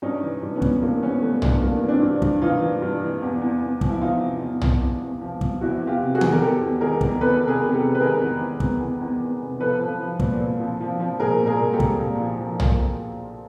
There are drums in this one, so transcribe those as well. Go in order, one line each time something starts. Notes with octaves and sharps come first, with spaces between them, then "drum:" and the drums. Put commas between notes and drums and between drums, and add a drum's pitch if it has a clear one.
G2 C#4 D#4
E3
G2
B3 C#4
E3, drum: kick
G2 A#3 C4
E3 B3 C#4
E3 A3 B3
G2 A3 B3, drum: tom
G2 A#3
E3
C4 D4
G2
G2, drum: kick
E3 D#4 F4
E3
G2
E3
E2
E2
E2
F3, drum: kick
E4
E2 D#4 F4
C3
E2
E2, drum: tom
E2
E2
F3
F3, drum: kick
E2 E4 F#4
E2
F4 G4
C3
F#4 G#4
E2, drum: tom D#3
A#4
E2 G4 A4
E2
D#3 G#4 A#4
E2, drum: kick
E2 A4 B4
C3
G#4 A#4
C3
G#4
G4 A4
C3
B4
D#3 G#4 A#4
E2
E2
E2, drum: kick
E2
E2
E2
C3
F3 A4 B4
F3
F3
A#2, drum: kick
A#2
F3
F3
F3
A#2 G#4 A#4
A#2
G#4 A#4
A#2
G4 A4
A#2, drum: kick
A#2
F3
F3
A#2, drum: tom